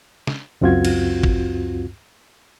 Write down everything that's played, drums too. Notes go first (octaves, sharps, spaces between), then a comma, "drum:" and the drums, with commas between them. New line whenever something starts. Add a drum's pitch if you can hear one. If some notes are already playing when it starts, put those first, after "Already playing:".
drum: snare
C#2 F#2 C4 F4 F#4 G#6
drum: cymbal
drum: kick